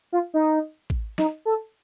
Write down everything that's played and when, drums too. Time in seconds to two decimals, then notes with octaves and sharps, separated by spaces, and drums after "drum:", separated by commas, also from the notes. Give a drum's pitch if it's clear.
0.12 F4
0.34 D#4
0.90 drum: kick
1.18 D#4, drum: snare
1.45 A4